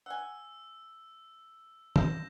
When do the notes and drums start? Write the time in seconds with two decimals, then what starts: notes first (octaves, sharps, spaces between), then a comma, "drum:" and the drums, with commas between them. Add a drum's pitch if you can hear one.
0.06 F#5 G#5 E6
1.96 G6 A#6 E7, drum: tom